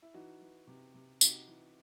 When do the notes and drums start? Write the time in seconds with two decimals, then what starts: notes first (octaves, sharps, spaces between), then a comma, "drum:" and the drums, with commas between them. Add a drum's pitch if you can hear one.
0.02 E4
0.14 E3 D#4 F#4
0.41 E3
0.68 C3
0.94 C3
1.21 C3 D#4 F#4, drum: tambourine
1.47 E3